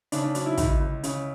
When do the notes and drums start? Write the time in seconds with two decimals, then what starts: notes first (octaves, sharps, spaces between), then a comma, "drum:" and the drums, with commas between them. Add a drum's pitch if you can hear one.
0.12 C#3 D4, drum: hi-hat
0.24 D4
0.35 F#3 D4, drum: hi-hat
0.46 E4
0.57 C#2 E4, drum: kick, hi-hat
0.80 C#2
1.04 C#3, drum: hi-hat